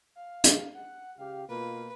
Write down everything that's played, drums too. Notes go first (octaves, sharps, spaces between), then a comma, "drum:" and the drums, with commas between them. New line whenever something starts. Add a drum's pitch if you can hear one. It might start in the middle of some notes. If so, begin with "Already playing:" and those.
F5
drum: hi-hat
F#5
C#2 G4 F5
B2 A#3 F4 B4